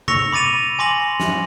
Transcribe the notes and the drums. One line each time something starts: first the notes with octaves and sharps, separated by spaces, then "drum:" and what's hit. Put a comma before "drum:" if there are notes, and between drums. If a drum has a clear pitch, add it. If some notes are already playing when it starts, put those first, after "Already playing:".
C#6 E6 A#6 C#7 F7, drum: tom C3
B5 D6 A6 D#7 F7
G#5 C6 D6 A#6 F#7
drum: snare